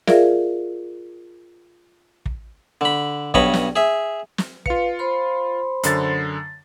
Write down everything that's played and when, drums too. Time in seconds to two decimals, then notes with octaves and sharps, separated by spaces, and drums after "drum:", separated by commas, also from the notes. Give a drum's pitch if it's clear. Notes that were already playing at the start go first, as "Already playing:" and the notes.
0.07 F4 G#4 A#4 D5 E5 F5, drum: snare
2.26 drum: kick
2.81 D3 B5
3.34 B1 G2 C#5 D#5 A5 B5, drum: kick
3.54 drum: snare
3.76 G#4 E5
4.38 drum: snare
4.66 F4 B4 F5 C#7, drum: kick
4.99 C5 B5 C6
5.83 F#2 D3 A6, drum: hi-hat